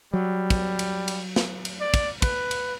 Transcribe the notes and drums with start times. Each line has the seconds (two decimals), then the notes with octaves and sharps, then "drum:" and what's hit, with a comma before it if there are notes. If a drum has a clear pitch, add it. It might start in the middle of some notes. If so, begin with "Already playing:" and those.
0.13 F#3 G3
0.50 drum: kick, cymbal
0.79 drum: cymbal
1.08 drum: cymbal
1.36 drum: snare
1.65 drum: cymbal
1.81 D5
1.94 drum: kick, cymbal
2.22 B4, drum: kick, cymbal
2.51 drum: cymbal